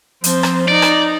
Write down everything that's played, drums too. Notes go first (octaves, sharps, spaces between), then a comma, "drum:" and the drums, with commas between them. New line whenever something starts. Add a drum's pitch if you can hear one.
F3 C4, drum: hi-hat
drum: rim click
D#4 D5
drum: rim click